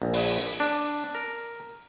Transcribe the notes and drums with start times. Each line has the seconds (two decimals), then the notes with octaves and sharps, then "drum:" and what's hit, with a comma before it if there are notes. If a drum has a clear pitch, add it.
0.02 A#1
0.14 drum: open hi-hat
0.60 D4
1.15 A#4